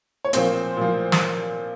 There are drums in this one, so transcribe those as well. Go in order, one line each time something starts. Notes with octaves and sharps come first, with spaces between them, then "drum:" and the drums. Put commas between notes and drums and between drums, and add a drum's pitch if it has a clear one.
C#5
A#2 F3 C4 C5, drum: hi-hat
A#2 F3
drum: snare